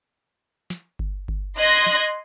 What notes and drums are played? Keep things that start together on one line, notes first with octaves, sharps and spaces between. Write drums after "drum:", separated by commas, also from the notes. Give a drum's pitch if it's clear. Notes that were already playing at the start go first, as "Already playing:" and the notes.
drum: snare
drum: kick G1
drum: kick G1
D#5 C6 F#6 G#6 A#6
drum: snare